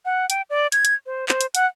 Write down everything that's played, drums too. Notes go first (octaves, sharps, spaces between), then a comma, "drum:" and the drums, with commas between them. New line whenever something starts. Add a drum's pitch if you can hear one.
F#5
G5, drum: hi-hat
D5
G#6, drum: hi-hat
drum: hi-hat
C5
C5, drum: clap
drum: hi-hat
F#5, drum: hi-hat